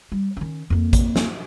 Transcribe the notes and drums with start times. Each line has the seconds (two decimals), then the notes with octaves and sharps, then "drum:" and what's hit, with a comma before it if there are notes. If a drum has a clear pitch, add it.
0.12 G3
0.37 D#3 C#4
0.70 F2 A#3
0.93 drum: kick A1, hi-hat
1.16 drum: snare